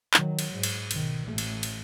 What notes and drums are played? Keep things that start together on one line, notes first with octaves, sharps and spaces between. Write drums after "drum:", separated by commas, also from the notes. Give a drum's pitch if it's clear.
D#3 F#3, drum: clap
drum: cymbal
G#2
drum: cymbal
B1 D#3, drum: cymbal
A1 A3
drum: cymbal
drum: cymbal